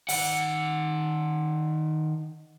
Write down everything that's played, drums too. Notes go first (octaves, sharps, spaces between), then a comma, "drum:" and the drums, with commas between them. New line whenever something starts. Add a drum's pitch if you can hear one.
D#3 F#5, drum: open hi-hat